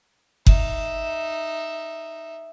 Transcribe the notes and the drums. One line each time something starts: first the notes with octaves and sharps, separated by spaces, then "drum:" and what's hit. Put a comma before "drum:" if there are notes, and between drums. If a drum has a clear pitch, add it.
D#4 E5, drum: kick F#1